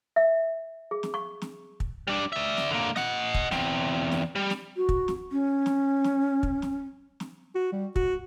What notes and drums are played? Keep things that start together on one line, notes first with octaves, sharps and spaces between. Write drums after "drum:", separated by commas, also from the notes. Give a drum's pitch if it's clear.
E5
G#4
drum: snare
C#6
drum: snare
drum: kick
G3 D4
D5 E5
drum: snare
D3 A#3
D#5 F#5, drum: snare
drum: kick
E2 C4, drum: snare
drum: snare
G3
drum: snare
F#4
drum: kick
drum: snare
C#4
drum: snare
drum: snare
drum: kick
drum: snare
drum: snare
F#4
G3
F#4, drum: kick